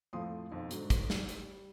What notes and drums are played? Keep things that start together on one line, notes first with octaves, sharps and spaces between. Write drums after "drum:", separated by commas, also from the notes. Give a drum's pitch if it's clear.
F2 A2 F3 C6 D#6
B1 F2 D#3
G#2 D3 F#3, drum: hi-hat
drum: kick, hi-hat
drum: snare
G3, drum: hi-hat